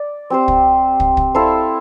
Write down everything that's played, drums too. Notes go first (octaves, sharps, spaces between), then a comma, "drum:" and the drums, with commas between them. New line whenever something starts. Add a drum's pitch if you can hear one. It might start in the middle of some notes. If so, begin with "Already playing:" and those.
Already playing: D5
C4 G4 C5
drum: kick
drum: kick
drum: kick
E4 A4 C5 F5